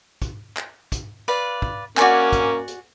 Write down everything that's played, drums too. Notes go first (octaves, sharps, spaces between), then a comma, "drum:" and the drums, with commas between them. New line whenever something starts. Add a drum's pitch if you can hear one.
drum: kick, hi-hat
drum: clap
drum: kick, hi-hat
B4 D5 F5
drum: kick
A#3 C#4 F#4 D5 G#5, drum: clap
drum: kick, hi-hat
drum: hi-hat